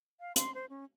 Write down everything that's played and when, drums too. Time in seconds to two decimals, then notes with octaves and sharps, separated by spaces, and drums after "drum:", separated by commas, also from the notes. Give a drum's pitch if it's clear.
0.20 F5
0.36 C6, drum: hi-hat
0.55 C5
0.70 C#4